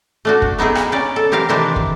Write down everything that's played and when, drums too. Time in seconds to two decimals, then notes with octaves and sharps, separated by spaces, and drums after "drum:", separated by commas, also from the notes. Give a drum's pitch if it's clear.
0.25 A3 D4 F#4
0.42 drum: kick
0.58 B3 D#4 E4 G#4 A#4
0.75 drum: rim click
0.92 C#4 D#4 D5
1.16 A4
1.32 E3 C4 G4 A#4 F5
1.49 C3 D#3 E3 D4 C5
1.76 drum: kick